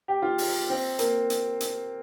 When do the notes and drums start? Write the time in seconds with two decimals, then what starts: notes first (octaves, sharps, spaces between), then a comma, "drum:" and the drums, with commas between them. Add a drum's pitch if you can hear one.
0.08 G4
0.22 F4
0.38 drum: open hi-hat
0.69 C4
0.99 A#3, drum: hi-hat
1.30 drum: hi-hat
1.60 drum: hi-hat